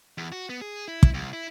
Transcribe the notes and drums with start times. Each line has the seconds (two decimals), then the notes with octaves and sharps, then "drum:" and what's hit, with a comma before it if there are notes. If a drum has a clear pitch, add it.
0.18 E2
0.32 F#4
0.50 B3
0.61 G#4
0.88 E4
1.03 drum: kick
1.14 C2
1.33 E4